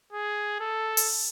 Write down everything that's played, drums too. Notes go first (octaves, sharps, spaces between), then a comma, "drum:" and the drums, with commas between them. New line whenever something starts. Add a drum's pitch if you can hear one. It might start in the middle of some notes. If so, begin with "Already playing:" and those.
G#4
A4
drum: open hi-hat